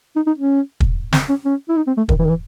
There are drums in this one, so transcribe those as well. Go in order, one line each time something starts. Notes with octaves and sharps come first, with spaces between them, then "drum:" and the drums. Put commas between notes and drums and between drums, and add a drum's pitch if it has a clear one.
D#4
D#4
C#4
drum: kick
C4, drum: snare
C#4
C#4
E4
D#4
C4
A3
D#3, drum: kick
E3
D#3
E3